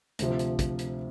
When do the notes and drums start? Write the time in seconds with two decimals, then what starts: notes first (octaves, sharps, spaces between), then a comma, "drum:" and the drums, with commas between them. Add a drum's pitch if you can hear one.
0.19 D2 C3 F3, drum: hi-hat
0.39 drum: hi-hat
0.59 drum: kick, hi-hat
0.79 drum: hi-hat